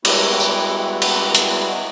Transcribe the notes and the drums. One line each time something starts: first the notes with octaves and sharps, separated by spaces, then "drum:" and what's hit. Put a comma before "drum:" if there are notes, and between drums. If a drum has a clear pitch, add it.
G3 G#3 B3 E4 F#4, drum: cymbal
drum: tambourine
drum: cymbal
drum: hi-hat